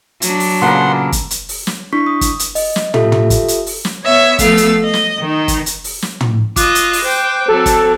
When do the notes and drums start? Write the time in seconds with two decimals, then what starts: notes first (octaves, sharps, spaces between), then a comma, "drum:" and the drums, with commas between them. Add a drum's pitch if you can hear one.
0.22 F#3 D4, drum: hi-hat
0.40 drum: open hi-hat
0.62 A#2 C#3 A#3 B3 A4 A#4 F#5 C6
1.12 drum: kick, hi-hat
1.31 drum: hi-hat
1.49 drum: open hi-hat
1.67 drum: snare
1.93 D4 E4 C#6 B6
2.07 D#6
2.21 drum: kick, hi-hat
2.39 drum: hi-hat
2.55 D#5, drum: open hi-hat
2.76 drum: snare
2.94 F4 G4 A4 E5, drum: tom
3.12 drum: tom
3.30 drum: kick, hi-hat
3.48 drum: hi-hat
3.66 drum: open hi-hat
3.85 drum: snare
4.04 B3 C#5 E5
4.39 F3 A3 B3 F5 E6, drum: kick, hi-hat
4.57 drum: hi-hat
4.83 D#5
4.93 drum: snare
5.19 D#3 D#4
5.48 drum: kick, hi-hat
5.66 drum: hi-hat
5.84 drum: open hi-hat
6.02 drum: snare
6.21 drum: tom
6.56 F4 D#5 D6 F#6, drum: kick, hi-hat
6.75 drum: hi-hat
6.93 drum: open hi-hat
7.04 C5 G5
7.48 F#3 C4 A4
7.66 drum: kick, hi-hat